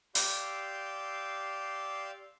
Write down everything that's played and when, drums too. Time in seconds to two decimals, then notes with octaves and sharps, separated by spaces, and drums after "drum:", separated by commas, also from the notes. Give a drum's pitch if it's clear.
0.15 G4 D5 F5 C6 E6 G6, drum: open hi-hat